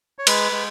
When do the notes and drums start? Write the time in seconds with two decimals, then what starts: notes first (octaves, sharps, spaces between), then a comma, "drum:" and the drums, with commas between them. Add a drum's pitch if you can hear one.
0.19 C#5
0.27 G#3 B4, drum: cymbal
0.52 G#3